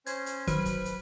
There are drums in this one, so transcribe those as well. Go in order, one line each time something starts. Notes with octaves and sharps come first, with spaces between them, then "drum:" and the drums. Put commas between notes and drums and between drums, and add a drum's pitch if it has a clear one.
C#4 C5 G#6, drum: hi-hat
drum: hi-hat
D#3 F#3 B4 C5 B5, drum: kick, hi-hat
drum: kick, hi-hat
drum: hi-hat